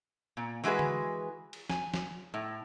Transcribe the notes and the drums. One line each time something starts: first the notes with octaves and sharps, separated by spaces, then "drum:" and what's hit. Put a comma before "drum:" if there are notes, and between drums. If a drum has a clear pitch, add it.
A#2
E3 G#3 F#4 G#4 B4
drum: tom D3
drum: cymbal
G#5, drum: snare
drum: snare
A2